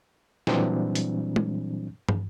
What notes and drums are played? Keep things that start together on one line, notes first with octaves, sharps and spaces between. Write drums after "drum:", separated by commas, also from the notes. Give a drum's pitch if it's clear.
A#2 E3 F#3 G3 C4 D4, drum: snare
drum: hi-hat
drum: tom
drum: tom